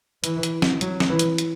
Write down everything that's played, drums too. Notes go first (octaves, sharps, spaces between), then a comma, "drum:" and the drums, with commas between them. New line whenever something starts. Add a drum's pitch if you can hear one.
E3, drum: hi-hat
drum: hi-hat
drum: snare
F#3, drum: hi-hat
drum: snare
E3
drum: hi-hat
drum: hi-hat